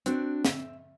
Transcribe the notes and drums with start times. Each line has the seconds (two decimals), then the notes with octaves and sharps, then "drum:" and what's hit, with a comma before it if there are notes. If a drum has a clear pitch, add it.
0.06 C4 D4 F#4, drum: hi-hat
0.45 E5, drum: snare